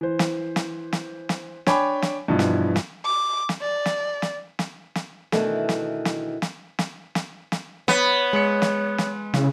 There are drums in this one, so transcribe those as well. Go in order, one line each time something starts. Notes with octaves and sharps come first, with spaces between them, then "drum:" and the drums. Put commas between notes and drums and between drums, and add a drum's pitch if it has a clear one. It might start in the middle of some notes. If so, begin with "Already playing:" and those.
E3 C5
drum: snare
drum: snare
drum: snare
drum: snare
D4 C#5 G5 G#5 B5 D6, drum: snare
drum: snare
G2 B2 E3 F3 E4
drum: snare
drum: snare
D6
drum: snare
D5
drum: snare
drum: snare
drum: snare
drum: snare
B2 D#3 E3 A3 D4, drum: snare
drum: snare
drum: snare
drum: snare
drum: snare
drum: snare
drum: snare
B3 C#5, drum: snare
G#3 C#7
drum: snare
drum: snare
C#3 E4, drum: snare